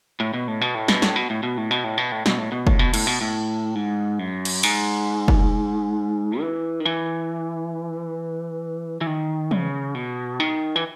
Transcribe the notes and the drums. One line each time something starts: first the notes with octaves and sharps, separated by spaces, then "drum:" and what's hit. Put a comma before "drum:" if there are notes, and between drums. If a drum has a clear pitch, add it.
A2
B2
A2
B2
A2
B2, drum: snare
A2, drum: snare
B2
A2
B2
A2
B2
A2
B2
A2
B2, drum: snare
A2
B2
A2, drum: kick
B2
A2, drum: cymbal
B2
A2
G#2
F#2
drum: cymbal
G#2, drum: cymbal
drum: kick
E3
D#3
E3
E3
D#3
C#3, drum: tom
B2
D#3
E3